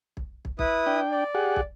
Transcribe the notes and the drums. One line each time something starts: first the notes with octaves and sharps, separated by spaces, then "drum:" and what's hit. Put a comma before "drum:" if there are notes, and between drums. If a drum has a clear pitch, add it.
drum: kick
drum: kick
E4 B4 D#6, drum: kick
D4 G5
D5
G4 G#4 F#5
drum: kick